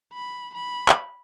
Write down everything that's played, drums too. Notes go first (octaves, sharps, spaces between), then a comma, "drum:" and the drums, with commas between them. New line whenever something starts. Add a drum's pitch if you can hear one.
B5
B5
drum: clap